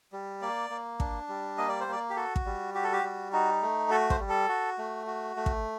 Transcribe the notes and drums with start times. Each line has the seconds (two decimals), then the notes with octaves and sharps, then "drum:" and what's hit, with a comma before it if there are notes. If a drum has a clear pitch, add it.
0.12 G3
0.41 A#3 D5
0.70 A#3
1.00 D4, drum: kick
1.29 G3
1.58 A#3 D#5
1.69 D5
1.80 C5
1.87 A#3 D5
2.10 G4
2.16 F#4 A4
2.36 drum: kick
2.46 G3
2.75 F#4 G4
2.84 A4
2.93 G4
3.03 G3
3.33 D#4 F#4
3.62 A3
3.90 F#4 A4
4.10 C5, drum: kick
4.20 G3
4.29 A4
4.49 F#4
4.78 A3
5.07 F#4
5.36 A3
5.46 drum: kick